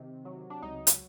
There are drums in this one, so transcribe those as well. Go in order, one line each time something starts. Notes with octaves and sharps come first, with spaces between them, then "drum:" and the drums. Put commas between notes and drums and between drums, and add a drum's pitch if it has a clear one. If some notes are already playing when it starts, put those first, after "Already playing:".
Already playing: C3 D#3
F#3
D4
C#2 D#4
drum: hi-hat